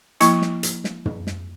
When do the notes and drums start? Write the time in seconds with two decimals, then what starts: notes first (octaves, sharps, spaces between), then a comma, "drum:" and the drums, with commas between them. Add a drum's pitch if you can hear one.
0.20 F3 A#3 E4 C#6, drum: hi-hat
0.42 drum: snare
0.63 drum: hi-hat
0.84 drum: snare
1.05 drum: tom
1.27 drum: snare